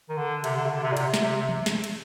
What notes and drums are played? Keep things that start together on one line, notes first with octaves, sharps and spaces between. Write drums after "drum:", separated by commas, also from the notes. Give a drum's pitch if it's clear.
D#3
D3
C3, drum: cymbal
D3
C3
D3
C3
A#2
C3, drum: cymbal
drum: snare
C3
C3
drum: tom E3
drum: snare
drum: cymbal